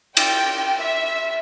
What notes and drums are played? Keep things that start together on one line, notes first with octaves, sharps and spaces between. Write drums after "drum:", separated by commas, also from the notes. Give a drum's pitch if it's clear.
G5, drum: cymbal
E5